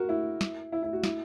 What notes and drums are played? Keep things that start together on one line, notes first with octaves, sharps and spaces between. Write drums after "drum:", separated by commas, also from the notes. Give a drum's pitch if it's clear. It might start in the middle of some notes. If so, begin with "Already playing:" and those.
Already playing: F#4 A#4
E4
drum: snare
E4
E4
F#4
E4, drum: snare